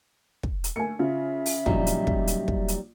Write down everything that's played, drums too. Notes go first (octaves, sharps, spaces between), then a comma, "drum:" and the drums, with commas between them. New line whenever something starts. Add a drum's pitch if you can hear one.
drum: kick
drum: hi-hat
A3 A#3 G#5 C#7
C#3 F4 E5
drum: open hi-hat
A#1 F#3 G3 D#4, drum: kick
drum: hi-hat
drum: kick
drum: hi-hat
drum: kick
drum: hi-hat